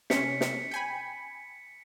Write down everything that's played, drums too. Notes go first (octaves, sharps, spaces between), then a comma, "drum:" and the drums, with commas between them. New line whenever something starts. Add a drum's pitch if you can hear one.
C3 C#4 B6 C#7, drum: snare
drum: snare
G5 G#5 B5